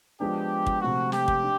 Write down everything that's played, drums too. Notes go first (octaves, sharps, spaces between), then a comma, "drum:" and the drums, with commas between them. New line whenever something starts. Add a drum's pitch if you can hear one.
F3 G#3 B3 D4 G4
drum: kick
C3 F3 A3 C4 F4 F#4
G4, drum: snare
drum: kick
D4